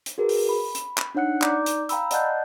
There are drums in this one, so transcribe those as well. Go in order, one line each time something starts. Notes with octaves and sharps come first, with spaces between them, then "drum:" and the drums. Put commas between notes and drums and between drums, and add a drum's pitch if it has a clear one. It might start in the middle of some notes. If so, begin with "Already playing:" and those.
drum: hi-hat
F#4 G#4 A#4 B4
drum: open hi-hat
B5
drum: hi-hat
drum: clap
D4 D#4 C#5 F#5 F#6 C#7
D#4 D5 A#5 D6 G6, drum: clap
drum: hi-hat
F5 G5 A#5 B5 E6, drum: hi-hat
D5 D#5 F#5 A5 F#6 G6, drum: hi-hat